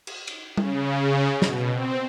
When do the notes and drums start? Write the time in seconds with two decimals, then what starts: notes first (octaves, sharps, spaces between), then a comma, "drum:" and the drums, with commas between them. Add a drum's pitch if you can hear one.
0.07 drum: cymbal
0.27 drum: cymbal
0.57 C#3, drum: tom G3
1.01 C#3
1.42 B2, drum: snare
1.71 C4